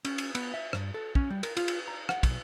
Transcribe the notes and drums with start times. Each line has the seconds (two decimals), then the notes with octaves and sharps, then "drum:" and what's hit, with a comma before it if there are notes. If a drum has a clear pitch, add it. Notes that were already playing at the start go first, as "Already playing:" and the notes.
0.05 C#4, drum: cymbal
0.18 drum: cymbal
0.35 B3, drum: cymbal
0.54 E5
0.73 G2, drum: rim click
0.94 A4
1.15 C#4, drum: kick
1.30 G3
1.43 A#4, drum: cymbal
1.57 F4, drum: cymbal
1.68 drum: cymbal
1.88 A#5
2.09 F#5, drum: rim click
2.23 B1, drum: kick, cymbal